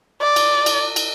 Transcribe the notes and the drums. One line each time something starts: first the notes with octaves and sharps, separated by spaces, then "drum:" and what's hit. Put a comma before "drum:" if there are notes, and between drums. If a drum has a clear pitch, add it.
D5
drum: cymbal
drum: cymbal
drum: cymbal